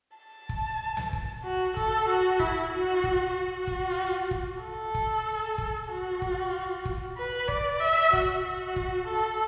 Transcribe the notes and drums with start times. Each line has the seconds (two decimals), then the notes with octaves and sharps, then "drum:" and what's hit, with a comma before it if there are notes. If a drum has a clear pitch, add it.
0.17 A5
0.49 drum: kick
0.97 drum: tom C2
1.13 drum: kick
1.44 F#4
1.77 A4, drum: kick
2.09 F#4
2.40 E4, drum: kick
2.72 F#4
3.04 drum: kick
3.36 F#4
3.67 drum: kick
4.31 drum: kick
4.63 A4
4.95 drum: kick
5.58 drum: kick
5.89 F#4
6.22 drum: kick
6.85 drum: kick
7.17 B4
7.48 D5, drum: kick
7.80 E5
8.13 F#4, drum: kick
8.44 F#4
8.76 drum: kick
9.07 A4